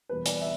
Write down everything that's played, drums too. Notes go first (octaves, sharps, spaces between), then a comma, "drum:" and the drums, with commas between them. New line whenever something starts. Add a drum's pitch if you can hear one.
E2 B2 G3 B4
D5, drum: hi-hat
E5